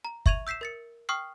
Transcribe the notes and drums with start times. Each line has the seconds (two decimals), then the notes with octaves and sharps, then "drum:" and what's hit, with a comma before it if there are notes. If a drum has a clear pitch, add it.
0.05 A#5
0.26 E5 C#6 G#6 D#7 F7, drum: kick
0.47 E6 G6 B6 C7 E7
0.61 A#4 A6 C#7
1.09 G5 C#6 D#6 F6 C7